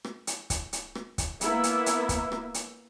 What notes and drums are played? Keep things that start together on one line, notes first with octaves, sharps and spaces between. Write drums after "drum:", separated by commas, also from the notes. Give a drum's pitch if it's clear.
drum: rim click
drum: hi-hat
drum: kick, hi-hat
drum: hi-hat
drum: rim click
drum: kick, hi-hat
A#3 B3 E4 E5, drum: hi-hat
drum: hi-hat
drum: hi-hat
drum: kick, hi-hat
drum: rim click
drum: hi-hat